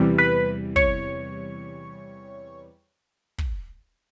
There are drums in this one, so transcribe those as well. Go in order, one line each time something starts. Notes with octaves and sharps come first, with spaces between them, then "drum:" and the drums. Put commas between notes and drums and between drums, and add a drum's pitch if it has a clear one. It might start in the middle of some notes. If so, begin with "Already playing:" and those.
Already playing: E2 C3 E3 G3
B4 B5
C#5 C#6, drum: kick
drum: kick